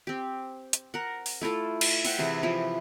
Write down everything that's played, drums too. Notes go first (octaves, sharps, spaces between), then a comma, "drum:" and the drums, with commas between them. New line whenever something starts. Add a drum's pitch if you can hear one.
C4 G4
drum: hi-hat
A#4 F#5
drum: open hi-hat
A3 E4 F4 A4
drum: cymbal
C5 E5 F#5 G5, drum: open hi-hat
C3 E3 G#4
E3 F3 E4